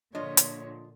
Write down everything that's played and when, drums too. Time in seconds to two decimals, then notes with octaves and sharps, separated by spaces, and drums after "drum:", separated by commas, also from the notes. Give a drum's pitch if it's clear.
0.15 A#2 D3 F3 D4 F4 C#5 D#5
0.37 drum: hi-hat